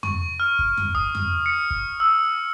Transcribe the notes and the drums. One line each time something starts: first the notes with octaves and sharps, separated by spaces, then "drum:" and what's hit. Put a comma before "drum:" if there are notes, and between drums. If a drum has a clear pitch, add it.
C#6, drum: tom F2
F6
drum: kick
drum: tom F2
D#6, drum: kick
drum: tom F2
C#7
drum: kick
E6